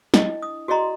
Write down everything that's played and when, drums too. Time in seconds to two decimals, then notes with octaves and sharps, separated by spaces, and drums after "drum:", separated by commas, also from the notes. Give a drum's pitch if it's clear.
0.14 D4 E4 D#5, drum: snare
0.42 D#6
0.68 F#4 G#4 D5 D#5 A#5 C6